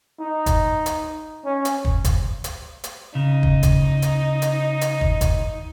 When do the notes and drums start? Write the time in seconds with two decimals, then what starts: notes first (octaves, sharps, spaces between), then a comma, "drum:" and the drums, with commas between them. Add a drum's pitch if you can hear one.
0.20 D#4
0.46 drum: kick, hi-hat
0.86 drum: hi-hat
1.45 C#4
1.65 drum: hi-hat
1.85 drum: kick
2.04 drum: kick, hi-hat
2.44 drum: hi-hat
2.84 drum: hi-hat
3.15 C#3 D#4
3.43 drum: kick
3.63 drum: kick, hi-hat
4.02 drum: hi-hat
4.42 drum: hi-hat
4.81 drum: hi-hat
5.01 drum: kick
5.21 drum: kick, hi-hat